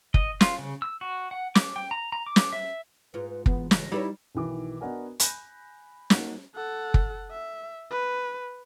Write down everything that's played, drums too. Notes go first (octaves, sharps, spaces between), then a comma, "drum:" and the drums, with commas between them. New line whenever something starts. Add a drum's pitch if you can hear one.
D#5, drum: kick
F4, drum: snare
C#3
E6
F#4
F#5
D6, drum: snare
G5
A#5
A#5
D6
drum: snare
E5
G#2 F4 B4
B4
E3 B3, drum: kick
C#2 A#6, drum: snare
G3 D#4 E4 B4 C#5
B1 D#3 E3 D6
B3 D4 F#4 A#4 D#5 G#5
G#5 B5 F#6 G6 A#6, drum: hi-hat
A#3 D#4 F#4, drum: snare
A4 F#5
drum: kick
E5
B4